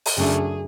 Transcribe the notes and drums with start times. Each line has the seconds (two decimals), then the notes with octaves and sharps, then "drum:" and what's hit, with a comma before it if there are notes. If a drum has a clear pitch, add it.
0.06 drum: open hi-hat
0.17 F#2 C#3 F#3 A3 D4 G#4